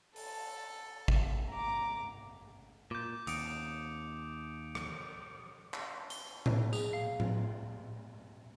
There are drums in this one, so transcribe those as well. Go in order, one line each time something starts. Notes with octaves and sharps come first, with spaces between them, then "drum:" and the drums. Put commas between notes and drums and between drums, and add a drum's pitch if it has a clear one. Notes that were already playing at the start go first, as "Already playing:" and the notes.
A4, drum: open hi-hat
drum: kick
A#5 D6
A#2 D6 G6
D#2 D#6 C#7 D7, drum: hi-hat
drum: rim click
drum: clap
G7, drum: hi-hat
drum: tom A2
G#4, drum: tambourine
F5
drum: tom A2